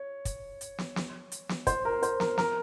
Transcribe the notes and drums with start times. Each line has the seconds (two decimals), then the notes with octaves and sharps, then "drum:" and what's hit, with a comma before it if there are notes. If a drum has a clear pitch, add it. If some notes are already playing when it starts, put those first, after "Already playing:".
Already playing: C#5
0.25 drum: kick, hi-hat
0.61 drum: hi-hat
0.78 drum: snare
0.96 drum: snare
1.32 drum: hi-hat
1.49 drum: snare
1.67 C5, drum: kick, hi-hat
1.85 A#4
2.03 C5, drum: hi-hat
2.20 A#4, drum: snare
2.38 A#4, drum: snare